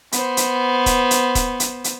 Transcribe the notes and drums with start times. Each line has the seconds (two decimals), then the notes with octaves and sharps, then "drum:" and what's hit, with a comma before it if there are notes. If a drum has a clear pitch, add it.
0.12 B3 C5, drum: hi-hat
0.37 drum: hi-hat
0.86 drum: kick D#1, hi-hat
1.11 drum: hi-hat
1.35 drum: kick D#1, hi-hat
1.60 drum: hi-hat
1.84 drum: hi-hat